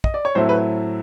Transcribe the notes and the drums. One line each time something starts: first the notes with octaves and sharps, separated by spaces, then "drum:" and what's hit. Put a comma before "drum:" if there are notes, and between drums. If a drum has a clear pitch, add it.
D#5, drum: kick
D5
C#5
A2 F#3 A3 C4 E4 C5
B4